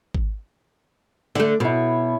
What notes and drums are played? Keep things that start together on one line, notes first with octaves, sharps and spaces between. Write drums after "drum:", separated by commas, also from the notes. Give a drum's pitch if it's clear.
drum: kick G#1
D3 A3 D6, drum: snare
B2 E4 C#5